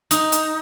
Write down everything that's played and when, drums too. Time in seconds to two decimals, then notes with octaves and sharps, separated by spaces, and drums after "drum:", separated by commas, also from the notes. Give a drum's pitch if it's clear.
0.11 D#4, drum: hi-hat
0.32 drum: hi-hat